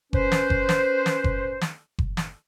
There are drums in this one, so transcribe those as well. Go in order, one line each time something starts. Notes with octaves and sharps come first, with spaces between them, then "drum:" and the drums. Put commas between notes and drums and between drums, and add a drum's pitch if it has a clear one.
C#4 B4 C5, drum: kick F#1
drum: snare
drum: kick F#1
drum: snare
drum: snare
drum: kick F#1
drum: snare
drum: kick F#1
drum: snare